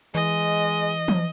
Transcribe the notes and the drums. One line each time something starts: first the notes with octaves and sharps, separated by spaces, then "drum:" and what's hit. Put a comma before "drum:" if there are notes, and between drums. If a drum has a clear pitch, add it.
E3 G#3 D#5
drum: tom